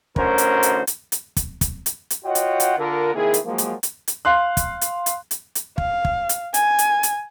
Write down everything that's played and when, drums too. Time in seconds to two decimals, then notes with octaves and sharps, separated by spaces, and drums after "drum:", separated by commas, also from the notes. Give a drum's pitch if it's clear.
0.16 A1 D2 C#4 F#4 A#4 C5, drum: kick
0.38 drum: hi-hat
0.63 drum: hi-hat
0.87 drum: hi-hat
1.12 drum: hi-hat
1.37 drum: kick, hi-hat
1.61 drum: kick, hi-hat
1.86 drum: hi-hat
2.10 drum: hi-hat
2.24 F4 F#4 C#5 D#5 F#5 G5
2.35 drum: hi-hat
2.60 drum: hi-hat
2.77 D3 F4 A#4
3.14 C3 D#3 A#3 E4 G#4
3.34 drum: hi-hat
3.44 F3 F#3 G#3 A#3
3.58 drum: hi-hat
3.83 drum: hi-hat
4.08 drum: hi-hat
4.25 F5 C6 F#6
4.57 drum: kick, hi-hat
4.81 drum: hi-hat
5.06 drum: hi-hat
5.31 drum: hi-hat
5.55 drum: hi-hat
5.78 F5, drum: kick
6.05 drum: kick
6.29 drum: hi-hat
6.54 G#5, drum: hi-hat
6.79 drum: hi-hat
7.03 drum: hi-hat